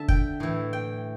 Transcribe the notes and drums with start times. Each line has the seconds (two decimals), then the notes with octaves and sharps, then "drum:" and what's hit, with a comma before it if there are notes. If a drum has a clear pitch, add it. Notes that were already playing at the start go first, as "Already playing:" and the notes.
Already playing: D3 E5 A5
0.08 G5, drum: kick
0.40 A2 E3
0.73 G5